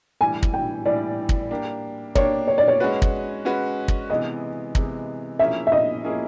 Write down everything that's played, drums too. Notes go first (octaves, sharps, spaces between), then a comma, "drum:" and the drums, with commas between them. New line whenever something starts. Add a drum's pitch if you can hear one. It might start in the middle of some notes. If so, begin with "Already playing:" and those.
A2 E3 G3 G#5
drum: kick
G5
A2 E3 G3 D5
drum: kick
A#3 D4 G4
A#3 D4 G4 C#5, drum: kick
C#5
D5
C#5
G#3 C#4 F#4 B4
drum: kick
G#3 C#4 F#4 B4
drum: kick
C3 E3 G#3 B3 D#5
C3 E3 G#3 B3, drum: kick
F3 A#3 C#4 E4 G#4 E5
E5
D#5
F3 A#3 C#4 E4 G#4